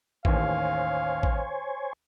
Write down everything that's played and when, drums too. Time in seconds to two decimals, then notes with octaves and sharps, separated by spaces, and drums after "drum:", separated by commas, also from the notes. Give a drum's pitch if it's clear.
0.25 A1 D#2 C5 C#5 F5 G#5, drum: kick A1
1.23 drum: kick A1